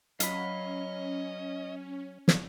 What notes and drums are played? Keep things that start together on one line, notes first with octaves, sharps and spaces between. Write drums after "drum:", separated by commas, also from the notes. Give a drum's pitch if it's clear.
F#3 C#4 D#5 F5 B5, drum: hi-hat
drum: snare